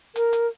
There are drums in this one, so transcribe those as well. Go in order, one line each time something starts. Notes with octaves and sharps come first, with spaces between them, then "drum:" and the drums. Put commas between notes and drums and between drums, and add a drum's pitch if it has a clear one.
A#4, drum: hi-hat
drum: hi-hat